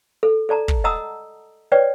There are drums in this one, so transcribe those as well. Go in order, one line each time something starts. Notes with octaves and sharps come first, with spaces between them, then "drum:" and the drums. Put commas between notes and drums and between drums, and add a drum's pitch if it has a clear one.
A4
A4 D5 A5 A#5
drum: kick
D#5 F#5 A5 A#5 D#6 E6
B4 C#5 D5 G5